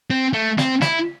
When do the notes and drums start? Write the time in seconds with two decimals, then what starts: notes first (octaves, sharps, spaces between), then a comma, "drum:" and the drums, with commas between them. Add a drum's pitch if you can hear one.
0.10 C4
0.33 A3
0.58 C4, drum: snare
0.81 E4, drum: snare